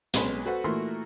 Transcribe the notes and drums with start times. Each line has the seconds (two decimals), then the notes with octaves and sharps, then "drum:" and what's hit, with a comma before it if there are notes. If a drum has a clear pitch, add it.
0.14 B1 G#3 C#4 B4 B5 C6, drum: hi-hat
0.45 F#4 A4 B4 C5 F#5
0.64 A#2 E3 A3 F#4 A#4 C6